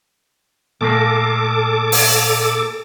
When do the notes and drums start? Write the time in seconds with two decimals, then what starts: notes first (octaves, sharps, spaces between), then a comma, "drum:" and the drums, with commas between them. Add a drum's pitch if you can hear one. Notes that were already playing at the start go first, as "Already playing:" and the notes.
0.81 A#2 A3 A#3 A4 D6
1.92 drum: open hi-hat